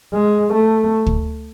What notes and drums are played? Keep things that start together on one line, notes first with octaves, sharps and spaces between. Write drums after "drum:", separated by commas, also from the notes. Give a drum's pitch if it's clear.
G#3
A3
drum: kick